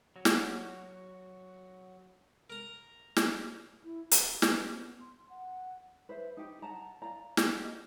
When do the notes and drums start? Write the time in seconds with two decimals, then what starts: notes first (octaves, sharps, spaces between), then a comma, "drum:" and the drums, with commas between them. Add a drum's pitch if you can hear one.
0.16 F#3 F#4
0.25 drum: snare
2.50 A#4 A#5
3.16 drum: snare
3.83 E4
4.11 G4, drum: hi-hat
4.42 B4, drum: snare
4.61 C4
4.77 B3
5.00 C6
5.29 F#5
6.09 B4 C5 E5
6.37 D#4 G4
6.62 F#5 A5 A#5
7.02 D5 F5 A#5
7.37 G4 F#5, drum: snare
7.64 D#5